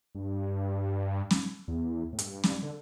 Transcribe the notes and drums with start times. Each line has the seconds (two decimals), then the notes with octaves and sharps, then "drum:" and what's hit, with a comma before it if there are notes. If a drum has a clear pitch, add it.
0.15 G2
1.31 drum: snare
1.68 E2
2.13 A2
2.19 G2, drum: hi-hat
2.44 drum: snare
2.62 D3